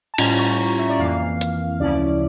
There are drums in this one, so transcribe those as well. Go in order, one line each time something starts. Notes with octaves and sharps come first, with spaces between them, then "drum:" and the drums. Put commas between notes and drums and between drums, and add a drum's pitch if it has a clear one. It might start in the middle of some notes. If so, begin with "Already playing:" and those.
A5
A2 G3 C#4 F4 A#5, drum: cymbal
C#6
C#6
A#5
E5
D5
F2 E3 A#3 F5
drum: hi-hat
D2 C#3 F3 C#4 E4 D5